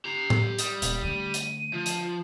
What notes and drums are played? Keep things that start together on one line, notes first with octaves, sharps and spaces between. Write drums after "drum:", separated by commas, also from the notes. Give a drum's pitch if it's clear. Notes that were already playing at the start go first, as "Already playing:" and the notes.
G4 A#5 C7
drum: tom A2
G3 D#6, drum: hi-hat
D#1, drum: hi-hat
D3 A3 D#7
drum: hi-hat
F3
drum: hi-hat